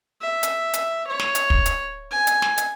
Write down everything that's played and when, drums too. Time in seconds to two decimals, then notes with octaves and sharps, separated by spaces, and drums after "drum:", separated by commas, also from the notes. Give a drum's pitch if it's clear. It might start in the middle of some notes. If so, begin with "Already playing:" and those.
0.22 E5
0.43 drum: hi-hat
0.73 drum: hi-hat
1.07 C#5
1.19 drum: snare
1.35 drum: hi-hat
1.50 drum: kick
1.66 drum: hi-hat
2.12 G#5
2.27 drum: hi-hat
2.42 drum: snare
2.58 drum: hi-hat